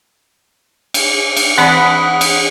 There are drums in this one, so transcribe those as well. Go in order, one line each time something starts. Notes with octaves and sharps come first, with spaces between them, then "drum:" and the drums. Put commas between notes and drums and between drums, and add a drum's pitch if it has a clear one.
drum: cymbal
drum: cymbal
E3 C4 D5 F#5 B5 D#6
drum: cymbal